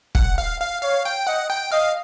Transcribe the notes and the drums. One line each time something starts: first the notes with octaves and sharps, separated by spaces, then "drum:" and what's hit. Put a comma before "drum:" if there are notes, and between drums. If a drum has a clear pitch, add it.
F#5, drum: kick
F5
F5
C#5 F5
G5
D#5 F#5
G5
D#5 F5